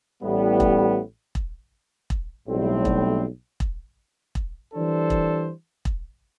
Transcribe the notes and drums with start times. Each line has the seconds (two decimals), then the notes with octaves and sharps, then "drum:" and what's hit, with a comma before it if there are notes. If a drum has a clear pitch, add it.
0.22 A1 A2 G3 B3
0.60 drum: kick E1
1.35 drum: kick E1
2.10 drum: kick E1
2.48 B1 A2 G3 C4
2.85 drum: kick E1
3.60 drum: kick E1
4.35 drum: kick E1
4.73 E3 G3 D4 A4 C5
5.10 drum: kick E1
5.85 drum: kick E1